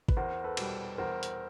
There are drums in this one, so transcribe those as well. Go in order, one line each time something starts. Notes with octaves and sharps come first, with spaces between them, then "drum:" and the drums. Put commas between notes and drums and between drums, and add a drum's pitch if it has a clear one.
B4, drum: kick G#1
E2 A#4 C5
A4 B4
B2 G3, drum: cymbal
E2 A#4 C5
drum: hi-hat